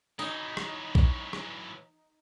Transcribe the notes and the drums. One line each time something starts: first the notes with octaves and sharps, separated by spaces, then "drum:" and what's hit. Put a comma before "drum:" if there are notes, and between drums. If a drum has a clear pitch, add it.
E3 F#3 D#4
drum: rim click
drum: kick B1
drum: rim click